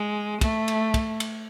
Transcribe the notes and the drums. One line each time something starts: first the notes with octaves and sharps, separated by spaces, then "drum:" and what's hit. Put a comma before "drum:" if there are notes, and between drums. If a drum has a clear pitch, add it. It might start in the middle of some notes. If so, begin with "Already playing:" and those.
Already playing: G#3
A3, drum: kick, cymbal
drum: cymbal
drum: kick, cymbal
drum: cymbal